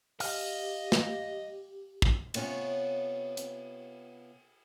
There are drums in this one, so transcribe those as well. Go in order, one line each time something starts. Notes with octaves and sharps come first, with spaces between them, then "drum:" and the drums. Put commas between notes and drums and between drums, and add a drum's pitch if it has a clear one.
G4 D#5 F5, drum: open hi-hat
drum: snare
drum: kick
C3 B3 C#4 D4 F4 C#5, drum: cymbal
drum: hi-hat